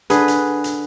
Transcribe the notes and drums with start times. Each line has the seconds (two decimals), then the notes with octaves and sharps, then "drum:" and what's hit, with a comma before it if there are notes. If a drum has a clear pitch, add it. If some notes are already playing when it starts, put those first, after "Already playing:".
0.10 D3 G#4 B4, drum: hi-hat
0.28 drum: hi-hat
0.64 drum: hi-hat